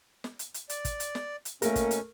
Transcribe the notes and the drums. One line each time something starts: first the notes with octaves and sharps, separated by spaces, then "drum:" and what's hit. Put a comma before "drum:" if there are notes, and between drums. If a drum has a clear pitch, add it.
drum: snare
drum: hi-hat
drum: hi-hat
D5, drum: hi-hat
drum: kick, hi-hat
drum: hi-hat
drum: snare
drum: hi-hat
B2 A3 A#3 C#4 A#4, drum: hi-hat
drum: kick, hi-hat
drum: hi-hat